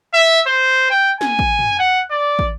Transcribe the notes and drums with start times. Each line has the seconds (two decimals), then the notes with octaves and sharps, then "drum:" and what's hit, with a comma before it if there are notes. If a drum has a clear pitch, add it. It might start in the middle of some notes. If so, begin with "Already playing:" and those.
0.14 E5
0.47 C5
0.90 G5
1.21 G#5, drum: snare
1.39 drum: kick
1.59 drum: tom
1.79 F#5
2.11 D5
2.39 drum: kick